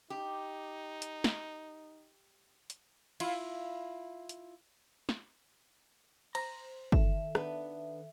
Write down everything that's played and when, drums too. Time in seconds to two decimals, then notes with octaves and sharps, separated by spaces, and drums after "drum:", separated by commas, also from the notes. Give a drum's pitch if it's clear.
0.10 D#4 G4
1.02 drum: hi-hat
1.24 drum: snare
2.70 drum: hi-hat
3.20 E4 F4, drum: cymbal
4.29 drum: hi-hat
5.09 drum: snare
6.35 C5 A#5, drum: cymbal
6.92 D#3 A4 E5, drum: kick
7.35 B3 D4 B4, drum: rim click